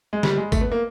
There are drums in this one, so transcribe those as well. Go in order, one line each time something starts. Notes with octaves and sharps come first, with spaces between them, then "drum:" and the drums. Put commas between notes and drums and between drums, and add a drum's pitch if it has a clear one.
G#3
G3, drum: snare
G#3
A3, drum: kick, tambourine
B3
A#3